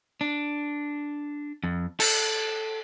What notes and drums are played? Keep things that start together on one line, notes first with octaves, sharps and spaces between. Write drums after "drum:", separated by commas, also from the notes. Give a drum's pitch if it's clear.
D4
F2
A4, drum: cymbal